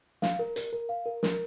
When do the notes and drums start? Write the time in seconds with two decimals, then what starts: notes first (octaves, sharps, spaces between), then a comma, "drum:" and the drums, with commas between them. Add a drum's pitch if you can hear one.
0.22 F5, drum: snare
0.39 A#4
0.56 A#4, drum: hi-hat
0.73 A#4
0.89 F5
1.06 A#4
1.23 A#4, drum: snare